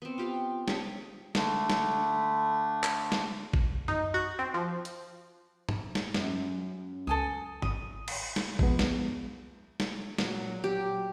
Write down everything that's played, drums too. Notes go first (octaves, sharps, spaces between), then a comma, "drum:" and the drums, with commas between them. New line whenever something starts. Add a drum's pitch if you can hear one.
B3 C4
F4 G4 F5
C#4 D4 G4 G#4, drum: snare
D3 A3, drum: snare
drum: snare
drum: clap
drum: snare
drum: kick A1
D#4, drum: tom F#2
F#4
C4
F3
drum: hi-hat
drum: tom G#2
drum: snare
F#2, drum: snare
C#2 A4 G#5 D#6
G#1 D#6, drum: tom G#2
drum: cymbal
drum: snare
F3 G#3 B3, drum: kick A1
drum: snare
drum: snare
A#2 F#3, drum: snare
G4